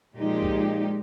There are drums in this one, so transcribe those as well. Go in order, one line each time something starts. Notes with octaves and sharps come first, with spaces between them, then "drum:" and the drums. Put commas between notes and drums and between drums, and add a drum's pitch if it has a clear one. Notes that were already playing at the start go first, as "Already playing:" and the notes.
A#2 F3 G#3 D#4 G4
drum: kick B1